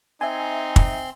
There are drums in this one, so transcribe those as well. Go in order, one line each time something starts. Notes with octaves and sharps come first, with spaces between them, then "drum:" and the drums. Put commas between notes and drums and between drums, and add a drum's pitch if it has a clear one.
C4 D#4 E5 G#5 C6
drum: kick